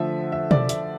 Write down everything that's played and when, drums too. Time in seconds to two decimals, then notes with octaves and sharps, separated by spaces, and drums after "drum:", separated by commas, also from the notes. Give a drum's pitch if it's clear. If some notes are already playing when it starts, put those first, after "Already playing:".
Already playing: D3 F3 A3 E5
0.32 E5
0.51 D5, drum: tom B2
0.69 E5, drum: hi-hat